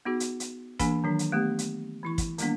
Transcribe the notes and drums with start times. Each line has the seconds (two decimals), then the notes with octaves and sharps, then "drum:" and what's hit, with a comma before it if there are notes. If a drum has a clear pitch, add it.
0.05 B3 D#4 F#4 G#4
0.20 drum: hi-hat
0.40 drum: hi-hat
0.79 E3 A#3 D4 G#4 G#5 B5, drum: kick, hi-hat
1.04 D#3 F#3 D4
1.19 drum: hi-hat
1.32 A3 B3 G4
1.59 drum: hi-hat
2.03 E3 E4 C#6
2.18 drum: kick, hi-hat
2.38 D#3 G3 A#3 B3 D4, drum: hi-hat